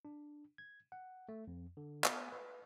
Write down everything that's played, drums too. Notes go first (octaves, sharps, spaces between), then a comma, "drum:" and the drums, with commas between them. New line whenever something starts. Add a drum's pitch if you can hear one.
D4
G#6
F#5
A3
F2
D3
B3, drum: clap
B4